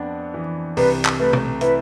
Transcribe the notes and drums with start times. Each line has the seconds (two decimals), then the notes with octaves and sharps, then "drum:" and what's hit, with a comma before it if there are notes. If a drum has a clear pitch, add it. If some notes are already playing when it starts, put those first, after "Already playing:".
Already playing: F2 B3 D4
0.34 E3
0.77 C2 B4, drum: open hi-hat
1.05 drum: clap
1.19 A3 B4
1.33 drum: tom
1.61 E4 B4, drum: hi-hat